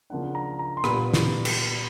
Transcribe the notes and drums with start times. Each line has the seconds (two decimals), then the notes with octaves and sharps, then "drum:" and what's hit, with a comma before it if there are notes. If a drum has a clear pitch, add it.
0.10 C#3 F3 A#3 D4 F#5
0.35 A#5
0.59 A#5
0.77 C6
0.84 A#2 G3 B3 B5, drum: rim click
1.14 drum: snare
1.45 drum: cymbal